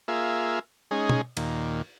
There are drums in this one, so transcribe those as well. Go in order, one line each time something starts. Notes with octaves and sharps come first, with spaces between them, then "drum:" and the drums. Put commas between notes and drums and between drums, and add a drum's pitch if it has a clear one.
A#3 F4 G#4 E5
G#3 C#4 D#4 G#4
drum: tom
D#2 A#2, drum: cymbal